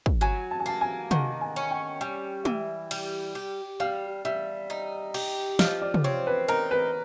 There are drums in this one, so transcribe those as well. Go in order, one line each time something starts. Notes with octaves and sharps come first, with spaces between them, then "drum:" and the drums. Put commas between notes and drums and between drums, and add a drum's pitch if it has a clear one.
drum: kick
F#3 G#5
A5
G#5
A#3 A5
G#5
D#3 F#5, drum: tom
G#5
C#4
G5
G3 G5
E3, drum: tom
G3, drum: cymbal
G4
G3 F5
G3 E5
D#4
G4, drum: cymbal
F3 D#5, drum: snare
D5
drum: tom
C4 C#5
B4
D#4 A#4
B4